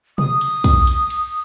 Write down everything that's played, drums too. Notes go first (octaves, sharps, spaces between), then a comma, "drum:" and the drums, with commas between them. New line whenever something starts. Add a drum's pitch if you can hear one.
D#6, drum: tom B2
drum: cymbal
drum: kick, cymbal
drum: cymbal
drum: cymbal